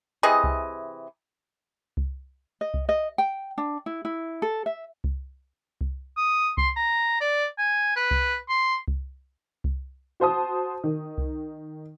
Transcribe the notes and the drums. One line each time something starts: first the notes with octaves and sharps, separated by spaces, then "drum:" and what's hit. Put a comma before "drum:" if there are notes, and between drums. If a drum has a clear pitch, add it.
C3 E3 G#4 D#5
drum: kick C2
drum: kick C2
D#5
drum: kick C2
D#5
G5
D4
E4
E4
A4
E5
drum: kick C2
drum: kick C2
D#6
C6, drum: kick C2
A#5
D5
G#5
B4
drum: kick C2
C6
drum: kick C2
drum: kick C2
F#4 C5 A5 D#6
D#3
drum: kick C2